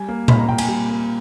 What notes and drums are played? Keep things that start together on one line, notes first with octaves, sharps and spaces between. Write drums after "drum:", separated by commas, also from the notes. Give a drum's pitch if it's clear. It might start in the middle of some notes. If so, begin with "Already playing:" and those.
Already playing: G3 G#5
A#3
A#2 B5, drum: tom A#2
A#5
A#2 G5
G#5, drum: cymbal
G3
A#3